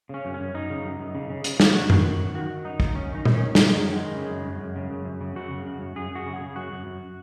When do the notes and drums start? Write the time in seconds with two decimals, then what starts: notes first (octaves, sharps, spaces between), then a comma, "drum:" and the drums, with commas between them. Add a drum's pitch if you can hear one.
0.09 C#3 C#4
0.25 F#2
0.34 C#4
0.40 F#2
0.54 F#2 D#4
0.70 C#3
0.85 F#2
1.00 F#2
1.15 C#3
1.30 C#3
1.44 C#3, drum: hi-hat
1.60 C#3, drum: snare
1.75 F#2 F#4
1.90 D#3, drum: tom F#2
2.05 F#2
2.20 F#2
2.35 D#3 F#4
2.50 D#3
2.65 F#2 D#4
2.80 F#2, drum: kick
2.95 F#2 C#4
3.10 D#3 D#4
3.25 D#3, drum: tom
3.35 C#4
3.40 F#2
3.55 F#2 G#3, drum: snare
3.70 F#2
3.75 F#3
3.86 D#3
3.96 D#3 G#3
4.15 C#3
4.30 F#2
4.46 F#2
4.60 F#2
4.76 C#3
4.90 F#2
5.05 F#2
5.21 C#3
5.35 F#2 F#4
5.51 C#3
5.66 F#2
5.81 F#2
5.96 F#2 G#4
6.11 F#2 F#4
6.26 C#3
6.36 G#4
6.41 C#3
6.56 F#2 F#4
6.71 F#2
6.86 F#2